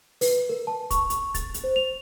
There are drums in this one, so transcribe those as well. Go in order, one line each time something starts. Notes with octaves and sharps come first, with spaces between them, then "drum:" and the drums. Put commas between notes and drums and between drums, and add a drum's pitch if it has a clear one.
B4, drum: open hi-hat
A#4
A5
C#6, drum: kick, hi-hat
drum: hi-hat
A6, drum: kick, hi-hat
drum: hi-hat
C5
F7